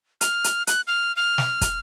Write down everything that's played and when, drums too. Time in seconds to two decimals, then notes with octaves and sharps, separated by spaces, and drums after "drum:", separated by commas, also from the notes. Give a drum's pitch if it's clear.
0.21 F6, drum: hi-hat
0.44 drum: hi-hat
0.67 F#6, drum: hi-hat
0.87 F6
1.16 F6
1.38 drum: snare
1.61 drum: kick, hi-hat